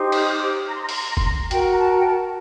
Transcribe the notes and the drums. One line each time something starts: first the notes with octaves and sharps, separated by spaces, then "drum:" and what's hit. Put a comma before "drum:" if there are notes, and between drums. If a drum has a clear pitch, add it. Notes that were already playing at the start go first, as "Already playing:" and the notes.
Already playing: D#4 G4 C5
D#6, drum: cymbal
D6
A#5
C6
A#5
C6, drum: open hi-hat
A#5
C6
A#5
C6, drum: kick F1
A#5
F#4 A#4 G5, drum: hi-hat
A#5
A5
G5
A5